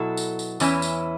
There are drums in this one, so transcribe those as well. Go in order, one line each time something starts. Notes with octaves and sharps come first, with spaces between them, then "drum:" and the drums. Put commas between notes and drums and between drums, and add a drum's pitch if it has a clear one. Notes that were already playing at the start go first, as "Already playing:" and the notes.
Already playing: B2 F#3 E4 A4
drum: tambourine
drum: tambourine
E2 E3 C#4 E4, drum: tambourine
drum: tambourine